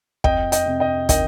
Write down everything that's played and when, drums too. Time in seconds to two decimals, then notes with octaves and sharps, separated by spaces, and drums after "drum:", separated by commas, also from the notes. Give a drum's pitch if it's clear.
0.24 F2 D#5 G5, drum: kick
0.52 D#5 G5, drum: hi-hat
0.66 C3
0.80 D#5 G5
1.09 D#3 D#5 G5, drum: kick, hi-hat